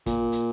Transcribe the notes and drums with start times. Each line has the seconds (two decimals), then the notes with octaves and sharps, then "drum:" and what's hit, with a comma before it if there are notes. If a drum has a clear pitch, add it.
0.06 A#2, drum: kick, hi-hat
0.32 drum: hi-hat